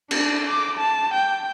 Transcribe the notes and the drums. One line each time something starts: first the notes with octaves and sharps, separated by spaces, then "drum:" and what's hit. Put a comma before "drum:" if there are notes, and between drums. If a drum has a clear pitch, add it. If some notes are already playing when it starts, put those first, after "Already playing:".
D4, drum: cymbal
D6
A5
G5